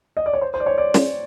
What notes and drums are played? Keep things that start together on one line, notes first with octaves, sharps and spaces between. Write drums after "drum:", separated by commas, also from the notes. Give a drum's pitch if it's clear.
D#5
D5
C#5
C5
C5
D5
C#5
D5
drum: snare